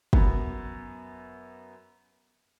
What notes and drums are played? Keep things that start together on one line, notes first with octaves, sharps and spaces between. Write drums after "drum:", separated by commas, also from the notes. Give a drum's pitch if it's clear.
F#2 B3 F#4, drum: kick